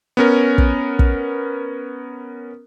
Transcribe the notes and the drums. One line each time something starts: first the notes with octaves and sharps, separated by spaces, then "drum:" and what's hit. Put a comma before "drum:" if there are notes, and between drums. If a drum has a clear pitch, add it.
B3 C#4 A#4
drum: kick
drum: kick